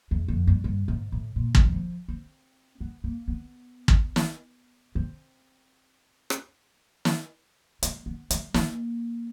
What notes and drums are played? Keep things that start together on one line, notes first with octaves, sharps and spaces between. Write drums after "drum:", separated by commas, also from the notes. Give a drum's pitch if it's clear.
E2
F2
G2
G2
G#2
A2
A#2
D#3, drum: kick
E3
F3
C4
B3
A#3
B3
drum: kick
drum: snare
C4
drum: rim click
drum: snare
G#3, drum: hi-hat
B3
A3, drum: hi-hat
A#3, drum: snare